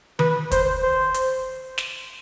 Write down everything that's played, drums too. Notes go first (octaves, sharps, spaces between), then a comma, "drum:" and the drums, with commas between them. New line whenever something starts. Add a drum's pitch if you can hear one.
B4, drum: tom D#3
C5, drum: kick, hi-hat
C5
drum: hi-hat
drum: snare